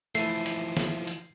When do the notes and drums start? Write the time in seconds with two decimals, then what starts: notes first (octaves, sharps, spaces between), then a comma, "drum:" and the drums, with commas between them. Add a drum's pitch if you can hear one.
0.15 E3 F3 A3 E4 C7, drum: hi-hat
0.46 drum: hi-hat
0.77 drum: snare
1.07 drum: hi-hat